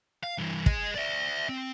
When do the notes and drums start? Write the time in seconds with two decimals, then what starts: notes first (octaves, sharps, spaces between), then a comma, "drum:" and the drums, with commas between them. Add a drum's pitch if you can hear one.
0.23 F5
0.38 G2 E3
0.66 G#4 D#5, drum: kick
0.95 D5 E5
1.49 C4